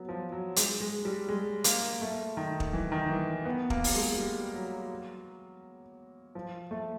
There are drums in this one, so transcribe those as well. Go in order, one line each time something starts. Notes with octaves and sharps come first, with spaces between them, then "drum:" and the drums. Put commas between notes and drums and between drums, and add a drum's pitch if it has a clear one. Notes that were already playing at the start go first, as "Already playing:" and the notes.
Already playing: F#3 B3
F3
F#3
G#3, drum: hi-hat
G#3
G3
G#3
A#3, drum: hi-hat
A3
D#3
drum: kick
E3
D#3
E3
B3
A#3, drum: kick
drum: open hi-hat
G#3
G3
F#3
F3
A3